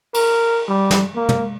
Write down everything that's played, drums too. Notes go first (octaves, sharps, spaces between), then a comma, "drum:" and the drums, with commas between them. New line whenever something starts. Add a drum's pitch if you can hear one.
A#4, drum: cymbal
G3
drum: snare
A#3
drum: tom